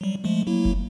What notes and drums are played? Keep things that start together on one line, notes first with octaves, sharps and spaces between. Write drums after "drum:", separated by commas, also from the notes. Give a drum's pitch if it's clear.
F#3 G3
F3 G#3 A3
F#3 A#3 E4
drum: kick F1